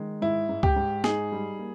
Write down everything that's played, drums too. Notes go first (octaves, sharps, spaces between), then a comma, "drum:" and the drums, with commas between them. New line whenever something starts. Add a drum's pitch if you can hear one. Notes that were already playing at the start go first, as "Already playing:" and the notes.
Already playing: D#3 G#3
G#2 E4
G#2
G4, drum: kick C#2
G#2
D#4 G#4, drum: snare
G3
A#3